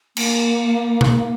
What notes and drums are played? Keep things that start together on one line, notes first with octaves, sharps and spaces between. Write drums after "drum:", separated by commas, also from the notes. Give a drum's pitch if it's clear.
A#3, drum: cymbal
drum: tom B2